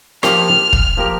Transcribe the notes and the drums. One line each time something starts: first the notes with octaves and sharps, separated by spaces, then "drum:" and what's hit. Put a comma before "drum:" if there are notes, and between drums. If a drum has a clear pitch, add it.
F3 A#3 G4 A#4 F6, drum: rim click
drum: kick
F3 A#3 G4 A#4